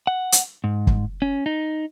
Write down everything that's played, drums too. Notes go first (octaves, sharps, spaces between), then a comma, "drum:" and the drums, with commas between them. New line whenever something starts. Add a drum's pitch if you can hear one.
F#5
drum: hi-hat
G#2
drum: kick
C#4
D#4